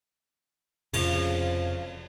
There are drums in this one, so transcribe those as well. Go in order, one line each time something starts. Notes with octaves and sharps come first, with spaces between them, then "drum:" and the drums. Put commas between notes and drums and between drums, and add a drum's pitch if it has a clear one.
F1 F2 C#3 F3, drum: cymbal